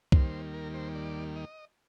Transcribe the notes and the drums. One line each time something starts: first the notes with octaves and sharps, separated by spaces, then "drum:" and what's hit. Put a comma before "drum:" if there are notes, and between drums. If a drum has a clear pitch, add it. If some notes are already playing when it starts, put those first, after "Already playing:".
D#2 D#3 G3 A#3 C5, drum: kick C2
A#4
C5
D5
D#5